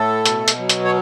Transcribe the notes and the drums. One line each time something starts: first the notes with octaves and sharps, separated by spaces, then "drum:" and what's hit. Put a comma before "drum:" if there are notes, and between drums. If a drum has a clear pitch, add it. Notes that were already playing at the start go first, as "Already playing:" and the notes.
Already playing: A2 A3 A4
B2, drum: hi-hat
drum: hi-hat
F#3
drum: hi-hat
C#5